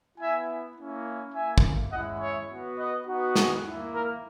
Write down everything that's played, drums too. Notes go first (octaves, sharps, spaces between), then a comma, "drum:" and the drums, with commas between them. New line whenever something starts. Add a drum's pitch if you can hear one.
B3 E4 E5 G#5
A#3 C#4 E4
A#3 E4 E5 G#5
drum: kick
G#3 C#4 E4 D#5 F#5
C#5 E5
B3 F#4
B4 D#5
B3 D#4 F#4
G#4, drum: snare
A#3 E4
A#4